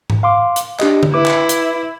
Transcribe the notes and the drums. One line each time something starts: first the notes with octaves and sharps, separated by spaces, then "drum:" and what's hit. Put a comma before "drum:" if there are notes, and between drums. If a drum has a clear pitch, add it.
drum: tom G#2
F5 C6 D6
drum: hi-hat
D4 G4 D#5, drum: clap
drum: tom D3
E4 B4 D6
drum: clap
drum: hi-hat